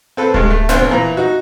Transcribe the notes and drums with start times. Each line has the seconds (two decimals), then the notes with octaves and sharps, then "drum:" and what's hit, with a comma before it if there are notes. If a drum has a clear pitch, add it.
0.17 C4 A4 B4
0.34 G2 G#3, drum: kick D1
0.50 A3
0.69 G#1 D2 D3 B3 C5, drum: snare
0.89 A#2 E3 A#5
1.17 D#4 F#4